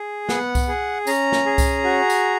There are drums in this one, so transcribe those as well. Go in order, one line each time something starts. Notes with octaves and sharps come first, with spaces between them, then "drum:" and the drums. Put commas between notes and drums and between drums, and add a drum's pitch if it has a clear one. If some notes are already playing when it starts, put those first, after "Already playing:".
Already playing: G#4
B3 F#5, drum: snare
drum: kick C2, tambourine
G#4
C#4 A#5, drum: tambourine
drum: snare
G#4
drum: kick C2, tambourine
F#4
drum: tambourine